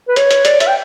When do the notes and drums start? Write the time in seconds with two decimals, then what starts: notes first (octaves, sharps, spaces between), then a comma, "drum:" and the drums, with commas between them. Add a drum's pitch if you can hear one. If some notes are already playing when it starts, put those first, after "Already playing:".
0.08 B4
0.16 C#5, drum: hi-hat
0.31 drum: hi-hat
0.45 D5, drum: hi-hat
0.60 E5, drum: hi-hat
0.67 G5